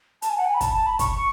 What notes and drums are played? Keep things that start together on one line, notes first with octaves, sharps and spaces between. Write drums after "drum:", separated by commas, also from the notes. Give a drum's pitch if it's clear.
A5, drum: hi-hat
G#5
F#5
G#5
B5
A5, drum: kick, hi-hat
A5
B5
C#6, drum: kick, hi-hat